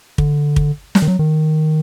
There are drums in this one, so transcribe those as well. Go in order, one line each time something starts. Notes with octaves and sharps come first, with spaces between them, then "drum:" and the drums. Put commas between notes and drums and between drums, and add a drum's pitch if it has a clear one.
D3, drum: kick
drum: kick
G3, drum: snare
D#3
F#3
D#3